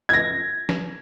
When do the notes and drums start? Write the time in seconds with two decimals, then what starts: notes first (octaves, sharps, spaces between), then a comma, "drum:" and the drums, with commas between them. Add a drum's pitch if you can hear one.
0.09 G#6 A#6
0.69 drum: snare